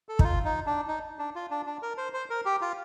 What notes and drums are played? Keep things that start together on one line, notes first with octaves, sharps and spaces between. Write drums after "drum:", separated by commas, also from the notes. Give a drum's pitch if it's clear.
A4
D#4, drum: kick
F4
D#4
D4
D#4
D4
F4
D4
D4
A#4
C5
C5
A#4
G4
F4